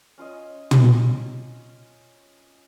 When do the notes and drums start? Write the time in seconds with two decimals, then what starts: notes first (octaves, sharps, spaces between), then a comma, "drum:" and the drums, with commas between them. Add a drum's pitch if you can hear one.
0.18 C#4 F4 C#5 D#5
0.71 drum: tom